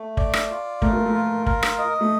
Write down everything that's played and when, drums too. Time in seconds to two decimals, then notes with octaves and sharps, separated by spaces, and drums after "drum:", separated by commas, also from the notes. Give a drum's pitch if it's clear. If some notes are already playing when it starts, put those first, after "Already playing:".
Already playing: A3
0.17 D5, drum: kick
0.33 drum: rim click
0.50 F4
0.82 A3 A#4, drum: kick
0.93 A#3
1.06 A3
1.14 F4
1.46 A#4, drum: kick
1.63 drum: rim click
1.79 D#5
2.01 A3